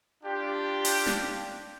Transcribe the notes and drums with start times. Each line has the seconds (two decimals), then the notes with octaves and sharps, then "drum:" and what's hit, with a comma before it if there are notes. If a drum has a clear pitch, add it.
0.23 D4 F4 G4
0.85 drum: open hi-hat
1.06 drum: snare